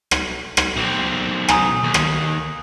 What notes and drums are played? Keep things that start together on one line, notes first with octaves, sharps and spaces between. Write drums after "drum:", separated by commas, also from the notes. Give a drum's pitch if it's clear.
drum: rim click
drum: rim click
B1 C4
G#5 A#5 D#6, drum: rim click
D#2
drum: rim click